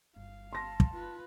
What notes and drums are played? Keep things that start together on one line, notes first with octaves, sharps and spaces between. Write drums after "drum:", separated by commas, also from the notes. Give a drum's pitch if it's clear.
G1 F5
A5 C6 A#6
drum: kick
F4 B4